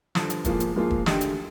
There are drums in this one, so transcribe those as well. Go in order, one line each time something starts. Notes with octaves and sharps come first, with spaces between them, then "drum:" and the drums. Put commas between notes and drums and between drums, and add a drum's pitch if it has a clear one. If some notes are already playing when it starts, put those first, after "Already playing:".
G2 D3 F3, drum: snare
drum: hi-hat
G#2 F3 A#3 F4 G#4, drum: kick, hi-hat
drum: hi-hat
G#2 F3 A#3 F4 G#4
drum: kick
D2 D3 G#3 D#4 G4, drum: snare
drum: hi-hat